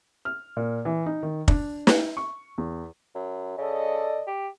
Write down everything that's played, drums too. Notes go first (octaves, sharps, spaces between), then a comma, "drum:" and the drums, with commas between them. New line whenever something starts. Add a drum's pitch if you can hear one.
F6
A#2
E3
D#4
D#3
D4, drum: kick
drum: snare
C#6
E2
F#2
C#3 A4 D5 D#5
G4